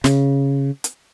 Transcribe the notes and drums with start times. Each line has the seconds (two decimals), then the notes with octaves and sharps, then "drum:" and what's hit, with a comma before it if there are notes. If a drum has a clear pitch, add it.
0.04 C#3, drum: snare
0.84 drum: hi-hat